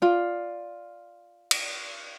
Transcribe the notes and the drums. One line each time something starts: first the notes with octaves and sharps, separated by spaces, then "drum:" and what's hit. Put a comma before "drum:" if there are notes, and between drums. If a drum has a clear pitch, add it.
F4 D5
drum: cymbal